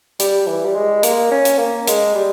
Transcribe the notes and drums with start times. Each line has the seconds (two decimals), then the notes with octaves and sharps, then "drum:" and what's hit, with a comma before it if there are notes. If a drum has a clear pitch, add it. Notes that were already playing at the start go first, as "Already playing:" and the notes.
0.19 G3, drum: hi-hat
0.47 E3
0.65 G3
0.75 G#3
1.03 A#3, drum: hi-hat
1.31 C#4
1.45 drum: hi-hat
1.58 A#3
1.87 G#3, drum: hi-hat
2.15 G3